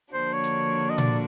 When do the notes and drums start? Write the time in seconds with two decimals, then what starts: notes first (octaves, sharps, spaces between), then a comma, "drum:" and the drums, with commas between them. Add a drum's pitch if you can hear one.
0.13 D3 F3 A#3 D4 F#4 C5
0.34 C#5
0.44 drum: hi-hat
0.90 D#5
0.98 D5, drum: tom A#2